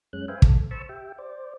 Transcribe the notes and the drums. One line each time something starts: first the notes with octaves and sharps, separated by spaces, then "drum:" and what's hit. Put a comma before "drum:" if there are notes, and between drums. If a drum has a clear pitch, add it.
F#2 G#3 C#4 F#6
B4 C5 E5 F5 G5 G#5
A4, drum: kick
C5 A5 B5 C#6 E6
G4 E5 G5
C5 D5